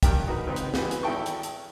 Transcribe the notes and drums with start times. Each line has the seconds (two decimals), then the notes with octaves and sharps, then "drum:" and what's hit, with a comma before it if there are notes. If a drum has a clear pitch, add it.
0.03 C#2 G2 G4 A#4 G5, drum: kick, hi-hat
0.27 D#4 F#4 A#4 B4
0.47 C#2 C4 D#4 B4
0.56 drum: hi-hat
0.74 E3 G3 F#4 G#4 B4, drum: snare
0.91 drum: hi-hat
1.03 G#1 E4 A4 G5 A5 C#6
1.26 drum: hi-hat
1.43 drum: hi-hat